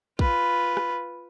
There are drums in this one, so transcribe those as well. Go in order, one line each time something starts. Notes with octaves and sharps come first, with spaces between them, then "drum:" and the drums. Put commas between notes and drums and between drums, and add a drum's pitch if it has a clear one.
F4 B4, drum: kick
drum: rim click